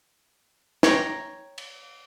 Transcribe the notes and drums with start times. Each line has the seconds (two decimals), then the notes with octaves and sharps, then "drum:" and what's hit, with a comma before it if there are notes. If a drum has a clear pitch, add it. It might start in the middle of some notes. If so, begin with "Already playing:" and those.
0.83 C#5 G5 A#5, drum: snare
1.58 drum: cymbal